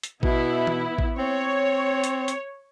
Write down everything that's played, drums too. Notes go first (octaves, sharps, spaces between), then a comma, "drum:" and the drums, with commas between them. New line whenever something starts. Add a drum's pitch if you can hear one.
drum: hi-hat
B2 B3 E4, drum: kick A1
drum: tom E3
drum: kick A1
C4 C#5
drum: hi-hat
drum: hi-hat